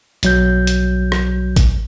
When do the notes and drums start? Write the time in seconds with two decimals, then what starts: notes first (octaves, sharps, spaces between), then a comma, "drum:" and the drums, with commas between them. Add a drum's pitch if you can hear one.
0.23 B1 F#3 G6, drum: hi-hat
0.67 drum: hi-hat
1.12 drum: rim click
1.56 drum: kick, hi-hat